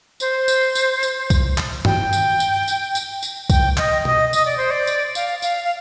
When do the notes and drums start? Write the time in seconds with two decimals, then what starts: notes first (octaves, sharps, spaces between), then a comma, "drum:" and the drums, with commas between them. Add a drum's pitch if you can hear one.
0.20 C5, drum: tambourine
0.48 drum: tambourine
0.75 drum: tambourine
1.03 drum: tambourine
1.30 drum: kick B1, tambourine
1.58 drum: clap
1.85 G5, drum: tom G2
2.13 drum: tambourine
2.40 drum: tambourine
2.68 drum: tambourine
2.95 drum: tambourine
3.23 drum: tambourine
3.50 G5, drum: kick B1, tambourine
3.77 D#5, drum: clap
4.05 D#5, drum: tom B2
4.33 D#5, drum: tambourine
4.45 D5
4.57 C5
4.70 D5
4.87 drum: tambourine
5.15 F5, drum: tambourine
5.42 F5, drum: tambourine
5.64 F5